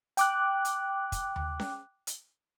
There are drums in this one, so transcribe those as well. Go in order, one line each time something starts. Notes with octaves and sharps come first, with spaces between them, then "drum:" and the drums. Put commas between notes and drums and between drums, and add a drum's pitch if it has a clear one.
G5 D6 F#6, drum: hi-hat
drum: hi-hat
drum: kick, hi-hat
drum: tom D#2
drum: snare C#4
drum: hi-hat